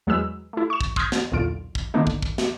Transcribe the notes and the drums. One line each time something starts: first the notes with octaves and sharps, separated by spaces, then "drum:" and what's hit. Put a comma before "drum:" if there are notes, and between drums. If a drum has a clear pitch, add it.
E2 F#3 G#3 G#4 B4 E6
A3 E4
C#6 E7
drum: kick
C6 D#6 F6 G6 G#6 A#6, drum: kick
drum: snare
B1 E2 A#2 D3 F4 D7
drum: kick
D3 D#3 A#3 B3 D4 D#4
drum: kick
drum: kick
drum: snare